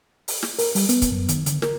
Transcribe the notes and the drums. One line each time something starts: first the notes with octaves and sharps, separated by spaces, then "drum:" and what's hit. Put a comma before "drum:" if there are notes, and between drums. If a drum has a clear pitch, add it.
drum: open hi-hat
drum: snare
A#4, drum: open hi-hat
G3, drum: open hi-hat
B3, drum: hi-hat
drum: kick, hi-hat
F#2
D#3, drum: hi-hat
D3, drum: hi-hat
A#4, drum: snare